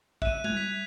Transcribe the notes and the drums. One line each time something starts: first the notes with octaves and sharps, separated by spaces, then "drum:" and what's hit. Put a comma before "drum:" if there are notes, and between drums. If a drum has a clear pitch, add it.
E5 F#6 D#7, drum: kick
F#6 G#6 F7, drum: tom G3
B6